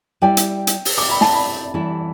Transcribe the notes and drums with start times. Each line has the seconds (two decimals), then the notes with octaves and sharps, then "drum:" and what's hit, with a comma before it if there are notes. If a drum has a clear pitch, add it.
0.22 G3 E4 G4 D5 G5
0.37 drum: hi-hat
0.67 drum: hi-hat
0.85 drum: open hi-hat
0.98 D6
1.09 B5
1.21 A5, drum: snare
1.33 B5
1.74 E3 G3 E4 A4